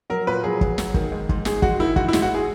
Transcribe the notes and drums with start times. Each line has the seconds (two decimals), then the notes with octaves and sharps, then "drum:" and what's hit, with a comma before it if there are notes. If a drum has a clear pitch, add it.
0.10 F#3 A#4
0.27 A#2 B4
0.44 F#3 G#4
0.61 F#3, drum: kick
0.78 F#3, drum: snare
0.94 D#3, drum: kick
1.12 G#2
1.29 G#2, drum: kick
1.45 G#2 G#4, drum: snare
1.62 G#3 F#4, drum: kick
1.79 D#3 E4
1.96 G#2 F#4, drum: kick
2.08 E4
2.13 G#2, drum: snare
2.22 F#4
2.34 G#4